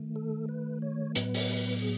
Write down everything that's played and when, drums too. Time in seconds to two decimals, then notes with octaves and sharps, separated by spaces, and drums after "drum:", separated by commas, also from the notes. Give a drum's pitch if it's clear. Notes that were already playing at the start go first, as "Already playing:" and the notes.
Already playing: D#3 A3
0.16 A4
0.49 B4
0.82 C#5
1.15 A2 F#3 B3 B4, drum: hi-hat
1.34 drum: open hi-hat
1.82 G#4